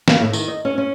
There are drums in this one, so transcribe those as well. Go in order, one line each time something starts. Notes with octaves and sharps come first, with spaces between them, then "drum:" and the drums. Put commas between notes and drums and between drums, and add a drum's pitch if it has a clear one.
A#3, drum: snare
A2
D#3, drum: tambourine
D#5
C#4
C#4